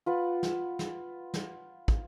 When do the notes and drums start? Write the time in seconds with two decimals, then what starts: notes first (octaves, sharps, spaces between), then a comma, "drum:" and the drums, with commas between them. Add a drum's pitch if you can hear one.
0.06 F4 B4 F#5
0.43 drum: snare
0.79 drum: snare
1.34 drum: snare
1.88 drum: kick